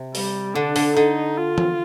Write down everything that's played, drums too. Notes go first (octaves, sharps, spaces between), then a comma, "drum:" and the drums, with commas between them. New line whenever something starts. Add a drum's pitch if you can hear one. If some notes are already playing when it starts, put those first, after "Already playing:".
Already playing: C3
G3, drum: open hi-hat
D3 D4
D3, drum: open hi-hat
D3 D#4
F4
drum: tom E3